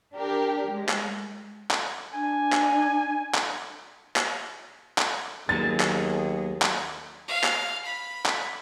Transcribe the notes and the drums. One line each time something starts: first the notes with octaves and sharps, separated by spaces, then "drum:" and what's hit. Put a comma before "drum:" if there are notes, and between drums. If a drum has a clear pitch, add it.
D4 G4 A#4
G#3
drum: clap
drum: clap
D4 G#5
drum: clap
drum: clap
drum: clap
drum: clap
D#2 F#3 A#3 B3 G#4 A6
drum: clap
drum: clap
F5
drum: clap
B5
drum: clap